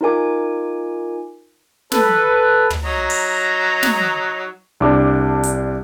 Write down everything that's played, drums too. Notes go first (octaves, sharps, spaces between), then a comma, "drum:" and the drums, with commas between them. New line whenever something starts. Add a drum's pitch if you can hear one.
D#4 F4 A#4 G#5 D6
A4 B4, drum: snare
drum: tom
F#3 D#4 A#5
drum: open hi-hat
drum: snare
C2 D4 D6
drum: hi-hat